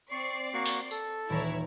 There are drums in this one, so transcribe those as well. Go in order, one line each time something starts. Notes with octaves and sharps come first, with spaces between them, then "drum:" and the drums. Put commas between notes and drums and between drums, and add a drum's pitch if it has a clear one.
C4 D5 C#6 C7
A#3 F#4 C#6
drum: open hi-hat
A4, drum: tambourine
D#1 E3 E4 C#5 A#5